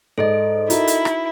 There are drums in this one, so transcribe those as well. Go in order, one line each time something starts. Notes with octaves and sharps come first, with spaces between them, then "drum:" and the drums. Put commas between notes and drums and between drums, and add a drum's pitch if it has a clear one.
G#2 A4 D5 D#5 D7
D#4 E4 F#4 A#4, drum: hi-hat
drum: hi-hat
drum: rim click